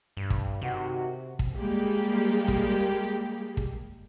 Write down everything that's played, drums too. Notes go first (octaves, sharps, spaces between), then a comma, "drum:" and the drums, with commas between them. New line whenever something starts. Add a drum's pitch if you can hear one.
G2
drum: kick
C3 D#3 F#4
drum: kick
G3 G#3 A#3 G4
drum: kick
drum: kick